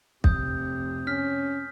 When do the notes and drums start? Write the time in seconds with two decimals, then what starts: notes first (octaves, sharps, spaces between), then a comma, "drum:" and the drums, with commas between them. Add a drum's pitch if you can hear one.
0.24 F1 C3 D#6 G6, drum: kick
1.07 C#4 F6 B6